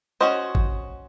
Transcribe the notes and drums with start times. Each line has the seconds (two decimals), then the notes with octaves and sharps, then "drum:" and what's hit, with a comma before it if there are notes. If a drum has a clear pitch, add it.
0.21 C#4 F#4 C5 D#5
0.55 drum: kick G1